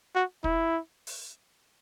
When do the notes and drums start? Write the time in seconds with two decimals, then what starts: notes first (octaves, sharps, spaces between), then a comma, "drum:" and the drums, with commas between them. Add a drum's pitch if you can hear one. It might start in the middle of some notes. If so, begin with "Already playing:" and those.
0.15 F#4
0.44 E4, drum: kick
1.07 drum: open hi-hat